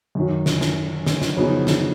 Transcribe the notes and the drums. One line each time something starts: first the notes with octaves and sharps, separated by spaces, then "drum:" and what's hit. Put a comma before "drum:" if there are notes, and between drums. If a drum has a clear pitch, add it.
F#2 D#3 F#3
drum: snare
drum: snare
drum: snare
drum: snare
F2 C#3 F#3 B3 D#4
drum: snare